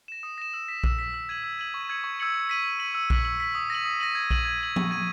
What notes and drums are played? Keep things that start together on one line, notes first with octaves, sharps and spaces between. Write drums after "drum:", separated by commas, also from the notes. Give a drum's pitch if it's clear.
A#6 E7
D#6
A#6 E7
E6
B6 E7
E6, drum: kick A#1
B6 E7
E6
G#6 D#7 F#7
E6
G#6 D#7 F#7
C#6
E6 G#6 C#7 F#7
C#6
E6 G#6 C#7 F#7
G#6
B6 D#7 F#7
G#6
B6 D#7 F#7
E6
B6 F#7, drum: kick A#1
E6
B6 F#7
D#6
A#6 D#7 F#7
D#6
A#6 D#7 F#7
G#6
D#7 F#7, drum: kick A#1
G#6
D#7 F#7
C#6, drum: tom F3
G#6 D#7